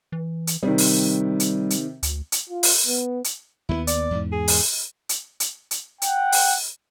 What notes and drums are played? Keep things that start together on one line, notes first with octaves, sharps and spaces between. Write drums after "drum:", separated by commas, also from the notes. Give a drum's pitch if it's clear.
E3
drum: hi-hat
C3 D#3 G3
drum: open hi-hat
drum: hi-hat
drum: hi-hat
D2, drum: hi-hat
drum: hi-hat
F4
drum: open hi-hat
B3
drum: hi-hat
D#2 G3 B3 E4
D5, drum: hi-hat
E2 G#2
G#4
drum: open hi-hat
drum: hi-hat
drum: hi-hat
drum: hi-hat
F#5 G5, drum: hi-hat
drum: open hi-hat